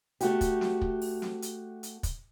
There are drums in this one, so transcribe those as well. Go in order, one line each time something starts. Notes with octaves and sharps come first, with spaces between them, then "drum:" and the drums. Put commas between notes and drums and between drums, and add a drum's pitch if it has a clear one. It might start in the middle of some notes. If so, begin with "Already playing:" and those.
A3 F#4 G4, drum: hi-hat
drum: kick, hi-hat
drum: snare
drum: kick
drum: open hi-hat
drum: snare
drum: hi-hat
drum: hi-hat
drum: kick, hi-hat